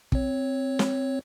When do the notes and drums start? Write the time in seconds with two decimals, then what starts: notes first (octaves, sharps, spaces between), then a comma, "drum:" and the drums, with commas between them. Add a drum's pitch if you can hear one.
0.12 C4 C#5, drum: kick
0.79 drum: snare